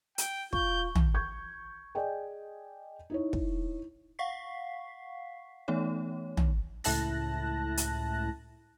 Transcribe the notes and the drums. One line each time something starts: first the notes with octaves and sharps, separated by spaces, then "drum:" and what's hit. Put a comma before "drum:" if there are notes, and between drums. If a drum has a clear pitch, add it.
G5, drum: hi-hat
F4 C#6 G6, drum: kick
drum: tom
C#6 G6 G#6
G#4 D5 D#5 G5 G#5
D#4 E4 C#5
drum: kick
F5 F#5 C#6 B6 C7
E3 A3 B3 D#4 C#5
drum: tom
C#2 A2 E4 A5 F#6 A#6, drum: open hi-hat
drum: hi-hat